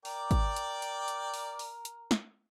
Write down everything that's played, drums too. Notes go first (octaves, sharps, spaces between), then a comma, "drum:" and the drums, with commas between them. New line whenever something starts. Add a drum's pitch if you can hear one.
A#4 D5 G5 D6, drum: open hi-hat
drum: kick G#1, hi-hat
drum: hi-hat
drum: hi-hat
drum: hi-hat
drum: open hi-hat
drum: open hi-hat
drum: hi-hat
drum: snare